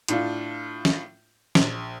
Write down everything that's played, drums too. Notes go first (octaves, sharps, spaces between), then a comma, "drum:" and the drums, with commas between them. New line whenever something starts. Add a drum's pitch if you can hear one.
A2 D4 F4, drum: hi-hat
drum: snare
A#1, drum: snare